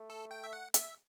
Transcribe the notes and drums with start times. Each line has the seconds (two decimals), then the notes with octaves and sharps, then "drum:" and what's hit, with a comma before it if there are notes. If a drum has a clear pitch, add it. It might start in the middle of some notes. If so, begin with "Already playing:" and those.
Already playing: A3
0.10 A4
0.31 G5
0.44 E5
0.53 F#5
0.74 E5, drum: hi-hat